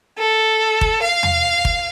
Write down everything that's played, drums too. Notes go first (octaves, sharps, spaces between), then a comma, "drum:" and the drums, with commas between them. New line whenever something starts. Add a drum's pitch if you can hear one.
A4
drum: kick
F5
drum: tom E2
drum: kick